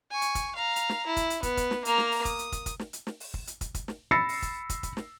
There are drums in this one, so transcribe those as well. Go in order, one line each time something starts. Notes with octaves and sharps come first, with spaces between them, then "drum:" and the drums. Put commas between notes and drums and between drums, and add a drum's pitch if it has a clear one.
G#5 C#6
drum: hi-hat
drum: kick, hi-hat
F5 A#5
drum: hi-hat
drum: snare
E4
drum: kick, hi-hat
drum: hi-hat
B3, drum: kick, hi-hat
drum: kick, hi-hat
drum: snare
A#3 A#5, drum: hi-hat
drum: snare
drum: open hi-hat
D#6, drum: kick, hi-hat
drum: hi-hat
drum: kick, hi-hat
drum: kick, hi-hat
drum: snare
drum: hi-hat
drum: snare
drum: open hi-hat
drum: kick
drum: hi-hat
drum: kick, hi-hat
drum: kick, hi-hat
drum: snare
B5 E6 A6 A#6 C7 C#7
drum: open hi-hat
drum: kick, hi-hat
drum: kick, hi-hat
drum: kick, hi-hat
drum: snare